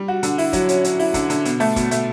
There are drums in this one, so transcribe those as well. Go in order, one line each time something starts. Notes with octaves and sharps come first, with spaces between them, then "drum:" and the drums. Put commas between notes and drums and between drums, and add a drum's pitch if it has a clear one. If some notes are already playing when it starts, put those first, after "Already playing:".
Already playing: G3
F#4
D3, drum: hi-hat
E4, drum: open hi-hat
F#3, drum: kick, hi-hat
C#4, drum: hi-hat
C#4, drum: hi-hat
E4, drum: open hi-hat
D3, drum: kick, hi-hat
D3, drum: hi-hat
B2, drum: hi-hat
A3, drum: open hi-hat
B2, drum: kick, hi-hat
A3, drum: hi-hat